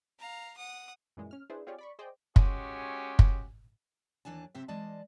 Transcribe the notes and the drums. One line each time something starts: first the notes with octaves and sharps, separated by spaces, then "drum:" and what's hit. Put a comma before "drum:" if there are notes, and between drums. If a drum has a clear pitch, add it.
F5 A#5
F#5 D#6
F#2 A#2 E3 G#3
C#4 F6
D4 E4 G#4 B4 C5
C4 F4 G4 G#4 C#5 D5
D5 B5 C#6
G#4 C5 D5 D#5 G5
G#3 C#4 F#4 G4, drum: kick
drum: kick
D#2 E3 D4 G#5 A5
C3 C4 G4 E5
E3 G#3 D5 D#5 A5